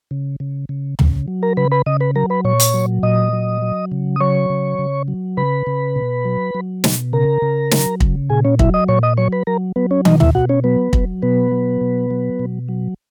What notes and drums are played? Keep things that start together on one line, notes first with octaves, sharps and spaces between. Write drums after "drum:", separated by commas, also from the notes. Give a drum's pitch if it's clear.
C#3
C#3
C#3
C#3, drum: tom
F#3
A#4 A#5
C#3 B4 B5
B4 B5
C#3 D#5 D#6
B4 B5
F#3 A#4 A#5
B4 B5
A#2 C#5 C#6
drum: hi-hat
F#3
A#2 D#5 D#6
F#3
F#3
C#3
D#6
F#3 C#5 C#6
C#3
C#3
F#3
C#3 B4 B5
C#3
B2
F#3
F#3
B2, drum: snare
C#3 A#4 A#5
C#3
F#3, drum: snare
C#3, drum: kick
A#2 G#4 G#5
C#4 C#5
F#3 E4 E5, drum: kick
D#5 D#6
A#2 C#5 C#6
D#5 D#6
F#3 C#5 C#6
B4 B5
F#3 A#4 A#5
F#3 B3 B4
C#4 C#5
B2 D#4 D#5, drum: tom
E4 E5, drum: tom
B2 F#4 F#5
C#4 C#5
F#3 B3 B4
F#3, drum: kick
B2 B3 B4
F#3
B2
F#3
B2
F#3